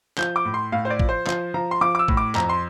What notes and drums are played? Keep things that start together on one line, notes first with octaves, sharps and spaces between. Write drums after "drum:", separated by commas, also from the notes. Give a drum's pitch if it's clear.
F3 G6, drum: clap
D6
A2
C6
A2 F5
C5
D5
F3, drum: kick
C5
F3 C5, drum: clap
F3 A#5
C6
F3 D6
D6
E6
A2, drum: kick
D6
F2 A#5, drum: clap
C6